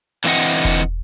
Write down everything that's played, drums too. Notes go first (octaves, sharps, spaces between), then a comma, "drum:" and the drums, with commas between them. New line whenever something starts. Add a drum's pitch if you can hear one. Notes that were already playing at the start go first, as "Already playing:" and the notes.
D3 E3 C4 D#5 F#5
drum: kick E1